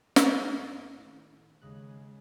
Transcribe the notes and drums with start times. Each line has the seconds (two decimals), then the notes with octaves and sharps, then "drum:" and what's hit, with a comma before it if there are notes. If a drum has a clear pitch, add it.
0.16 G2 A3, drum: snare
0.98 A2 D#3
1.62 D#2 C#3 G#3 D#5 F#6